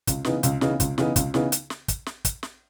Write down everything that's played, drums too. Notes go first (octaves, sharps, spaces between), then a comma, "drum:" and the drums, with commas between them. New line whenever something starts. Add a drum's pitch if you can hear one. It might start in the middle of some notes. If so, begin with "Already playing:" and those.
C#2, drum: kick, hi-hat
C#3 E3 B3 D#4, drum: snare
C#2, drum: hi-hat
C#3 E3 B3 D#4, drum: snare
C#2, drum: kick, hi-hat
C#3 E3 B3 D#4, drum: snare
C#2, drum: kick, hi-hat
C#3 E3 B3 D#4, drum: snare
drum: hi-hat
drum: snare
drum: kick, hi-hat
drum: snare
drum: kick, hi-hat
drum: snare